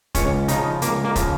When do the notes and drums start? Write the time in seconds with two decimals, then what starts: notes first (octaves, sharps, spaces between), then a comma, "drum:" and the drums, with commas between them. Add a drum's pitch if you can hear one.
0.15 C#2 C#4, drum: kick, hi-hat
0.48 C#3 F3 D#4, drum: hi-hat
0.82 C#2 A#3, drum: hi-hat
1.04 A#3
1.16 C#3 F3, drum: kick, hi-hat